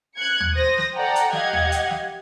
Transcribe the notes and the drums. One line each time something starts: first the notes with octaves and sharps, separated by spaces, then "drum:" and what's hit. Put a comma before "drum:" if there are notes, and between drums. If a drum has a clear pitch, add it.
F#6 G#6 C#7
drum: tom D#2
C5 D#6 A#6
drum: snare
A4 D5 F#5 G5 A#5
drum: hi-hat
G4 D#5 F5 F#5 G#6, drum: snare
drum: tom D#2
drum: hi-hat
drum: snare